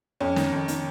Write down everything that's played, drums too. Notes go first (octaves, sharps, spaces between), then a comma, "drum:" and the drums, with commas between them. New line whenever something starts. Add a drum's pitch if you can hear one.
F2 C#4
D#3, drum: snare
F2
D#3, drum: hi-hat